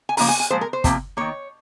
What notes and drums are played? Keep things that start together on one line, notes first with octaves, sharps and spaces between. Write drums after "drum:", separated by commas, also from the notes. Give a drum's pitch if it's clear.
G#5
C#3 F3 A#3 A#5, drum: open hi-hat
G#5
G#5
A#2 F3 G#3 C5
A#4
C5
C3 F3 A#3, drum: kick, hi-hat
D#3 A#3 C#5